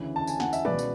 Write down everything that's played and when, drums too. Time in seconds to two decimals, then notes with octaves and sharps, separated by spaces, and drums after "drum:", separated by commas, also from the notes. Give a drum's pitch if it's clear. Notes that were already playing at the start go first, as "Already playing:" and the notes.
Already playing: D2 C#3 E3
0.16 A5
0.27 G#5, drum: tambourine
0.40 F#5, drum: snare
0.53 E5, drum: tambourine
0.65 C#2 B2 B4 D5, drum: tom
0.79 drum: tambourine